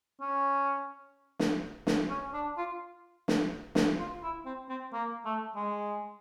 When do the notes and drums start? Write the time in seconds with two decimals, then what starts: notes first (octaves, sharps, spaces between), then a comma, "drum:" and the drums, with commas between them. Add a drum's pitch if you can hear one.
0.21 C#4
1.39 drum: snare
1.87 drum: snare
2.10 C#4
2.34 D4
2.57 F4
3.28 drum: snare
3.75 drum: snare
3.99 F4
4.23 E4
4.46 C4
4.69 C4
4.93 A#3
5.25 A3
5.56 G#3